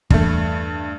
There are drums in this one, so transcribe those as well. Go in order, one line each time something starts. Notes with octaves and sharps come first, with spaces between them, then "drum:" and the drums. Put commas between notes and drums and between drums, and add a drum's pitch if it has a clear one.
E2 G2 A3, drum: kick